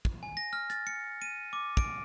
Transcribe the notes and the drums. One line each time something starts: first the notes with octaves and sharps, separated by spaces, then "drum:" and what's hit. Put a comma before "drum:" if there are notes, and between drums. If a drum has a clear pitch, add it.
drum: kick
G#5
A#6
F6
A6, drum: hi-hat
C#7
D#7
D6
D7, drum: kick